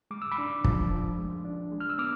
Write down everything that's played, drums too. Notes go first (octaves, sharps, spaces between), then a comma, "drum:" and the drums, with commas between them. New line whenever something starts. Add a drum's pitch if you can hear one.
G#3 D6
E6
B5 D6
D4
F3, drum: kick
F3
G#3
D4
G#3
F6
E6
B3 D6 F6